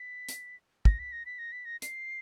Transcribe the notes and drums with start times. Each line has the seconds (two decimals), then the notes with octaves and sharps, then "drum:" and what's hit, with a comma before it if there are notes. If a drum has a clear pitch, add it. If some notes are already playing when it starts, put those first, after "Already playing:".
Already playing: B6
0.29 drum: hi-hat
0.85 A#6, drum: kick
0.99 B6
1.12 A#6
1.26 B6
1.39 A#6
1.52 B6
1.65 A#6
1.82 C7, drum: hi-hat